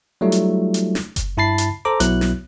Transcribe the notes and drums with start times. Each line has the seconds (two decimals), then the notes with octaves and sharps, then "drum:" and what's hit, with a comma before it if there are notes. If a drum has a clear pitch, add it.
0.21 F#3 G3 A3 D#4 F4
0.32 drum: hi-hat
0.74 drum: hi-hat
0.95 drum: snare
1.16 drum: kick F#1, hi-hat
1.37 G2 E4 A5 B5 A6 C7
1.58 drum: hi-hat
1.85 A4 C5 A#5 D6
2.00 B1 F#3 B3 E4 F#6, drum: hi-hat
2.21 drum: snare